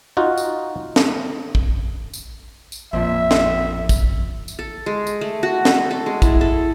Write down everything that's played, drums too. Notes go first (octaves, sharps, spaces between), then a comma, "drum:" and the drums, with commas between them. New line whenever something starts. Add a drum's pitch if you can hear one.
D#4 F4 F#4
drum: tambourine
drum: snare
drum: kick
drum: tambourine
drum: tambourine
A1 F2 A#2 F3 E5
drum: snare
drum: kick, tambourine
drum: tambourine
A4
G#3
drum: tambourine
A3
F#4
A4, drum: snare
A4
G#3
E4, drum: kick, tambourine
A4